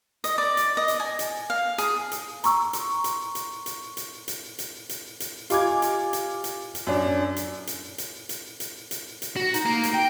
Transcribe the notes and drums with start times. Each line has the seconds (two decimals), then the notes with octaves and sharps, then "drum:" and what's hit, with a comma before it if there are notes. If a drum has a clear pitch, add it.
0.24 D#5, drum: hi-hat
0.38 D5
0.57 drum: hi-hat
0.77 D#5
0.88 drum: hi-hat
1.00 G#5
1.19 drum: hi-hat
1.50 F5
1.78 G#4, drum: hi-hat
2.11 drum: hi-hat
2.44 A#5 C6 C#6 E6, drum: hi-hat
2.73 drum: hi-hat
3.04 drum: hi-hat
3.35 drum: hi-hat
3.66 drum: hi-hat
3.97 drum: hi-hat
4.28 drum: hi-hat
4.59 drum: hi-hat
4.89 drum: hi-hat
5.20 drum: hi-hat
5.50 F4 G4 D#5 G#5 D6 G#6, drum: hi-hat
5.82 drum: hi-hat
6.13 drum: hi-hat
6.44 drum: hi-hat
6.75 drum: hi-hat
6.87 F#2 D4
7.36 drum: hi-hat
7.67 drum: hi-hat
7.98 drum: hi-hat
8.29 drum: hi-hat
8.60 drum: hi-hat
8.91 drum: hi-hat
9.22 drum: hi-hat
9.37 F#4
9.54 D#4, drum: hi-hat
9.66 A#3 A#4
9.83 drum: hi-hat
9.94 G5